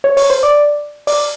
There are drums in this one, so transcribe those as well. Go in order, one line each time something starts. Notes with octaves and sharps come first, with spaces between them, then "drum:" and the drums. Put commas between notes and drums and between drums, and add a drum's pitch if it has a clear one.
C#5
C#5, drum: open hi-hat
C5
D5
D5, drum: open hi-hat